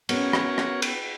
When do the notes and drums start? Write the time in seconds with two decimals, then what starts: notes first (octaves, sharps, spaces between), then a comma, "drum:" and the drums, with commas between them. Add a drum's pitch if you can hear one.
0.09 B3 C#4 F#4 A#4 C#5, drum: cymbal
0.33 drum: rim click
0.58 drum: rim click
0.82 drum: cymbal